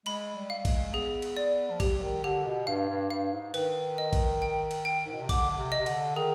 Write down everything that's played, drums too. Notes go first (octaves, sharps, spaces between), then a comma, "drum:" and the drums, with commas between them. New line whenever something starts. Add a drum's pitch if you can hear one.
G#3 B5, drum: cymbal
G3
F5
G#3, drum: kick, cymbal
B3 G#4
drum: cymbal
D5
F3
G3 G4, drum: kick, cymbal
D#3
D3 G4
B2
G2 F5
G2
G2 F5
G#2
D#3 B4, drum: cymbal
D#5
drum: kick, cymbal
G5
drum: cymbal
G5
G#2
B2
C3
D3 D6, drum: kick, cymbal
D3
C3
D#5
C3
D3, drum: cymbal
D#3 G#4